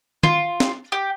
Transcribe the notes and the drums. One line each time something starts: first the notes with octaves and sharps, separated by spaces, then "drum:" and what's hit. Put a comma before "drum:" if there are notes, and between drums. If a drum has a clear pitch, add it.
F4, drum: tom
drum: snare
G4